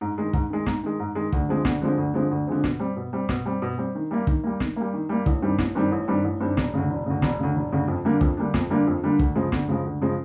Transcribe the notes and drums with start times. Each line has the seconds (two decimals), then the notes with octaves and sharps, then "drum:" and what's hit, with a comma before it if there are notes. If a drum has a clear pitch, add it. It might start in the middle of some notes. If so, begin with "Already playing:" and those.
0.01 G#2
0.18 D#3 G#3
0.33 G#2, drum: kick
0.50 D#3 G#3
0.66 G#2, drum: snare
0.83 D#3 G#3
0.99 G#2
1.15 D#3 G#3
1.32 D2, drum: kick
1.49 D3 F3 G#3 C4
1.65 D2, drum: snare
1.82 D3 F3 G#3 C4
1.97 D2
2.14 D3 F3 G#3 C4
2.31 D2
2.47 D3 F3 G#3 C4
2.64 B2, drum: snare
2.80 G3 C4
2.96 B2
3.13 G3 C4
3.29 B2, drum: snare
3.46 G3 C4
3.62 B2
3.78 G3 C4
3.95 D#3
4.11 G3 A#3
4.27 D#3, drum: kick
4.44 G3 A#3
4.60 D#3, drum: snare
4.76 G3 A#3
4.93 D#3
5.09 G3 A#3
5.26 A1, drum: kick
5.42 G2 D#3 G3 C4
5.59 A1, drum: snare
5.75 G2 D#3 G3 C4
5.92 A1
6.08 G2 D#3 G3 C4
6.24 A1
6.40 G2 D#3 G3 C4
6.57 E1, drum: snare
6.74 D2 C#3
6.90 E1
7.06 D2 C#3
7.22 E1, drum: snare
7.39 D2 C#3
7.56 E1
7.72 D2 C#3
7.88 F2
8.05 D3 G3 A#3 D4
8.21 F2, drum: kick
8.37 D3 G3 A#3 D4
8.54 F2, drum: snare
8.70 D3 G3 A#3 D4
8.87 F2
9.03 D3 G3 A#3 D4
9.19 D2, drum: kick
9.35 C#3 F3 G#3
9.52 D2, drum: snare
9.68 C#3 F3 G#3
9.85 D2
10.01 C#3 F3 G#3